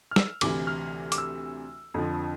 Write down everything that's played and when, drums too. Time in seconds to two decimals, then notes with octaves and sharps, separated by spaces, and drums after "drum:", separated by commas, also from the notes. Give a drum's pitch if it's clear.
0.11 F6
0.16 E6, drum: snare
0.41 D2 C3 E3 D6, drum: cymbal
0.67 F6
1.12 D6, drum: hi-hat
1.18 E6
1.94 F2 D3 F3